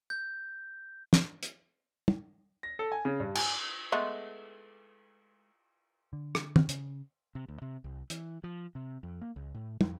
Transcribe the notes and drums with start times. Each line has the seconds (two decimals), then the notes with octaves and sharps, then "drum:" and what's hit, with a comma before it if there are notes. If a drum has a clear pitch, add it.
0.10 G6
1.13 drum: snare
1.43 drum: hi-hat
2.08 drum: tom
2.63 A#6
2.79 A4
2.92 G#5
3.05 C#3
3.20 G2
3.35 G#5, drum: cymbal
3.92 G#3 A3 B3
6.13 D3
6.35 drum: rim click
6.56 drum: tom
6.69 C#3, drum: hi-hat
7.35 C3
7.48 D2
7.62 C3
7.84 C2
8.10 E3, drum: hi-hat
8.44 F3
8.75 C3
9.03 F2
9.21 A#3
9.36 C#2
9.55 A2
9.81 F2, drum: tom